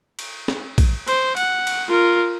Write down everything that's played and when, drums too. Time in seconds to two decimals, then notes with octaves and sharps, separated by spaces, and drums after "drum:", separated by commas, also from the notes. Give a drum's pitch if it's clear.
0.19 drum: cymbal
0.48 drum: snare
0.78 drum: kick A#1, cymbal
1.08 C5, drum: cymbal
1.37 F#5, drum: cymbal
1.67 drum: cymbal
1.89 F4 A#4